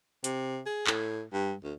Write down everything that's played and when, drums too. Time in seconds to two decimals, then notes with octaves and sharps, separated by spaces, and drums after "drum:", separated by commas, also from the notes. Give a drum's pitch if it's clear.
0.24 C3, drum: hi-hat
0.66 G#4
0.87 A2, drum: clap
1.33 G2
1.64 D2